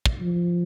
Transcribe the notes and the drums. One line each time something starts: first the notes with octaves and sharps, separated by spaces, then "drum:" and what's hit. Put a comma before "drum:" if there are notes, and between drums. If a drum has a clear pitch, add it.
drum: kick
F3